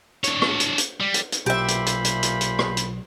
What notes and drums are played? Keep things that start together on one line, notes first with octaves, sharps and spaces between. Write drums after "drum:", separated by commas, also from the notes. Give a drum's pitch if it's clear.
D4 C#5, drum: hi-hat
drum: rim click
drum: hi-hat
drum: hi-hat
G3
drum: hi-hat
drum: hi-hat
B1 A#2 G4 C5 E5 B5
drum: hi-hat
drum: hi-hat
drum: hi-hat
drum: hi-hat
drum: hi-hat
drum: rim click
drum: hi-hat